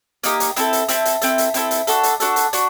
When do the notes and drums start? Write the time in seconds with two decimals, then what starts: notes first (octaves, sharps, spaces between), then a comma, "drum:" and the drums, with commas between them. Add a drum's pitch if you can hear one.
0.23 A#3 D#4 G4 A#4, drum: hi-hat
0.40 drum: hi-hat
0.56 C4 E4 A4, drum: hi-hat
0.73 drum: hi-hat
0.88 C4 E4 A4, drum: hi-hat
1.05 drum: hi-hat
1.21 C4 E4 A4, drum: hi-hat
1.38 drum: hi-hat
1.54 C4 E4 A4, drum: hi-hat
1.71 drum: hi-hat
1.87 D4 F#4 A4, drum: hi-hat
2.03 drum: hi-hat
2.20 D4 F#4 A4, drum: hi-hat
2.36 drum: hi-hat
2.53 D4 F#4, drum: hi-hat